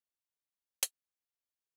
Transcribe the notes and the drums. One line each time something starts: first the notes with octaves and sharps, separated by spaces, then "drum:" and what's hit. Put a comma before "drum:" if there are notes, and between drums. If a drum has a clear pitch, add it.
F4 A#4 B4 D#6
D#5 E5 G#5 A#5, drum: hi-hat